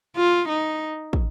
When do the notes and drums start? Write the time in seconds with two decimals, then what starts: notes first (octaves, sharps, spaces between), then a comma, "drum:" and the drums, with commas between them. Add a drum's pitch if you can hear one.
0.17 F4
0.49 D#4
1.13 drum: kick